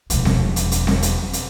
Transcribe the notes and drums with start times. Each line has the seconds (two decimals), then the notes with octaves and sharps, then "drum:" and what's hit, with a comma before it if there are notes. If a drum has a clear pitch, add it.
0.10 E1 F3, drum: hi-hat
0.25 drum: snare C4
0.56 drum: hi-hat
0.72 drum: hi-hat
0.87 drum: snare C4
1.02 drum: hi-hat
1.33 drum: hi-hat